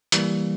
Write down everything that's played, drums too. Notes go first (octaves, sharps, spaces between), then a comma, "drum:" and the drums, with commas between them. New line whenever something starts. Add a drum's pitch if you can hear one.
E3 G3 A#3, drum: hi-hat